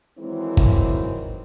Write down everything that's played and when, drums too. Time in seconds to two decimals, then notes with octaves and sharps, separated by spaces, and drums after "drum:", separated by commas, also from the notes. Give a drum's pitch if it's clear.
0.19 D#3 E3 F#3 G#3 C4
0.57 drum: kick G1